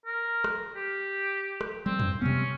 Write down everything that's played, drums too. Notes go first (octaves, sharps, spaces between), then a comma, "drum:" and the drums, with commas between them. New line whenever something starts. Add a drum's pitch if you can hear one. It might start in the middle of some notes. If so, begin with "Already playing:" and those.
A#4
drum: rim click
G4
drum: rim click
G3 C4
drum: tom
C3 G3 B3 C#4